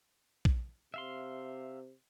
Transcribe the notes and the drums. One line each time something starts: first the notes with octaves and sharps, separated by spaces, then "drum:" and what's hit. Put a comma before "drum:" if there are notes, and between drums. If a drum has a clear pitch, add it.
drum: kick A#1
C3 E5 F5 C6